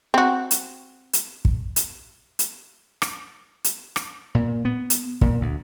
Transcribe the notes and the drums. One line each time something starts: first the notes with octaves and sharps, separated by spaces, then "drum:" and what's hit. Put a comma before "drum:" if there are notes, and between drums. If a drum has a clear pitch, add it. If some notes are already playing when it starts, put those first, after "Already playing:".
C4 F#4
drum: hi-hat
drum: hi-hat
drum: kick
drum: hi-hat
drum: hi-hat
drum: rim click
drum: hi-hat
drum: rim click
A#2
B3
drum: hi-hat
A#2, drum: kick
D2